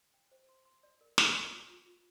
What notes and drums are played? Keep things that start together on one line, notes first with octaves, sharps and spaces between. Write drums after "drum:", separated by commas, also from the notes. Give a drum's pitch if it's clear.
G5
C5
C6
C6
D5
A#4
A#4, drum: snare
G4
F4
F4
F4